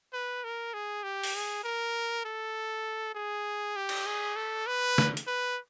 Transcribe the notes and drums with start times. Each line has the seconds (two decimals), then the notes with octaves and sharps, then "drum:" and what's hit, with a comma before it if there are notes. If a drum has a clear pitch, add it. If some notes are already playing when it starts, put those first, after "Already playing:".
0.13 B4
0.44 A#4
0.74 G#4
1.03 G4
1.23 drum: open hi-hat
1.35 G#4
1.64 A#4
2.25 A4
3.15 G#4
3.76 G4
3.89 drum: cymbal
4.06 G#4
4.36 A4
4.67 B4
4.98 drum: snare
5.17 drum: hi-hat
5.27 B4